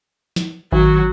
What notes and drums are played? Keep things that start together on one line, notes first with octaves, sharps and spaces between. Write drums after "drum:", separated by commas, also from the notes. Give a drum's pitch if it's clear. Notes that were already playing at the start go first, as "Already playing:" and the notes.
drum: snare
D#3 F#3 F#4, drum: kick A1